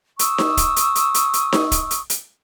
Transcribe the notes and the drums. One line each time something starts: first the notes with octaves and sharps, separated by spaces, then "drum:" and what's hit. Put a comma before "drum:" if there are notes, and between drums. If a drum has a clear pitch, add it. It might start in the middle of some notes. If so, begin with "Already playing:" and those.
C#6 D#6 E6, drum: hi-hat
drum: snare D#4
drum: kick, hi-hat
drum: hi-hat
drum: hi-hat
drum: hi-hat
drum: hi-hat
drum: snare D#4
drum: kick, hi-hat
drum: hi-hat
drum: hi-hat